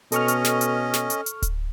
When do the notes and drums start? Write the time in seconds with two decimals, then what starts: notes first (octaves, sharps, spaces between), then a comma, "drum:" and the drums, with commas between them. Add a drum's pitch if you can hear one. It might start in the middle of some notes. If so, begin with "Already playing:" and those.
0.12 B2 C#4 A4 D#5 C#6 F6, drum: hi-hat
0.28 drum: hi-hat
0.45 drum: snare
0.61 drum: hi-hat
0.94 drum: snare
1.10 drum: hi-hat
1.26 drum: hi-hat
1.42 drum: kick D1, hi-hat